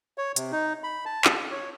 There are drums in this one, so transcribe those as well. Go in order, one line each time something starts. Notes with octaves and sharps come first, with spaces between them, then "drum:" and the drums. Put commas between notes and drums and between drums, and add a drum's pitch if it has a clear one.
C#5
C3, drum: hi-hat
D#4
B5
A5
drum: clap
C#5